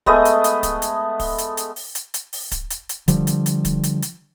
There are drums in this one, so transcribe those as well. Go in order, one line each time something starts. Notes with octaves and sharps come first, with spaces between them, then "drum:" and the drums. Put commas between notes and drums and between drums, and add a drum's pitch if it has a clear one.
G#3 A3 B3 D#5, drum: kick
drum: hi-hat
drum: hi-hat
drum: kick, hi-hat
drum: hi-hat
drum: kick, open hi-hat
drum: hi-hat
drum: hi-hat
drum: open hi-hat
drum: hi-hat
drum: hi-hat
drum: open hi-hat
drum: kick, hi-hat
drum: hi-hat
drum: hi-hat
D3 F3 G3, drum: kick, hi-hat
drum: hi-hat
drum: hi-hat
drum: kick, hi-hat
drum: hi-hat
drum: hi-hat